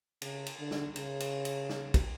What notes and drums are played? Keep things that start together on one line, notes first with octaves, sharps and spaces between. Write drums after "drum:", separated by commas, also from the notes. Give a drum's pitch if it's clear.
C#3, drum: cymbal
drum: cymbal
D3
drum: snare
C#3, drum: cymbal
drum: cymbal
drum: cymbal
drum: snare
drum: kick, cymbal